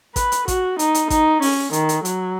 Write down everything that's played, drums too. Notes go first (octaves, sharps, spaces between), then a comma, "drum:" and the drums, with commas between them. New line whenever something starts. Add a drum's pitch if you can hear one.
B4, drum: kick A1, hi-hat
drum: hi-hat
F#4, drum: kick A1, hi-hat
D#4, drum: hi-hat
drum: hi-hat
D#4, drum: kick A1, hi-hat
C#4, drum: open hi-hat
D#3, drum: hi-hat
drum: hi-hat
F#3, drum: hi-hat